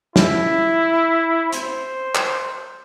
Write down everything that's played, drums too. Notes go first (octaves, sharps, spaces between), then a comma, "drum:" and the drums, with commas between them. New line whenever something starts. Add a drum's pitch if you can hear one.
E4, drum: snare
C5, drum: hi-hat
drum: clap